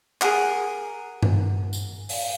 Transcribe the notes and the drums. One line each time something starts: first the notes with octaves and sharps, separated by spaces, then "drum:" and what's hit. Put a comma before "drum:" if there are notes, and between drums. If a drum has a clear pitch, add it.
G#4 A#4 F#5, drum: clap
drum: tom G2
drum: tambourine
drum: open hi-hat